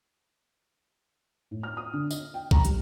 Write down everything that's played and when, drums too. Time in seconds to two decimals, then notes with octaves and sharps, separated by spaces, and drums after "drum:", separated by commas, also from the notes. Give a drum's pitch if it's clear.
1.51 A2
1.63 F6
1.77 D#6
1.93 D3
2.11 D#5, drum: tambourine
2.34 G5
2.51 A#5, drum: kick A#1
2.65 G3, drum: hi-hat